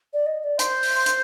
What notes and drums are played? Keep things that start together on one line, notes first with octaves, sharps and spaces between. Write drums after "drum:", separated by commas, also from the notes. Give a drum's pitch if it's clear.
D5
D#5
D#5
D5
C5 C6, drum: hi-hat
drum: open hi-hat
drum: hi-hat